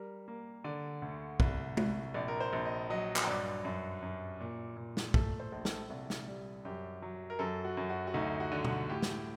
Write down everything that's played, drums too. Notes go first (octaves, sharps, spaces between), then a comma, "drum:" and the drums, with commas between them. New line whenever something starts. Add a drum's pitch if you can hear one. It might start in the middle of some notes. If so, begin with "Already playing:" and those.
Already playing: G3 A#4
A#3
D3 D5
D2
C2, drum: kick
C2, drum: tom G#3
A#1 D5
A#4
C5
A#1
D#5
F#3 D#5
drum: clap
G2 D5
F#2
F#2
A#2
A#2
drum: snare
A3 A4, drum: kick
C5
A#1
A4, drum: snare
C2
drum: snare
G3
F#2 G4
F#3
A#4
F#2 A4
F#4
F#2
F#4
F#4
D2 D#4
F#4
D3
F#4, drum: tom B2
A2 G4
drum: snare